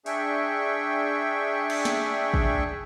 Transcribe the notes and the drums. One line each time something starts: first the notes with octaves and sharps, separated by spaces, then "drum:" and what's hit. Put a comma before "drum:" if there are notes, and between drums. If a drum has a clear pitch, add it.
D4 G#4 E5 G5 C#6, drum: open hi-hat
drum: cymbal
drum: snare
drum: kick